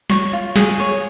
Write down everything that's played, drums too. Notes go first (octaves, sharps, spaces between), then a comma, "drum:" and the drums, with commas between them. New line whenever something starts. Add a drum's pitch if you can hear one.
C#5 C#6, drum: snare
F4
G#4, drum: snare
C#5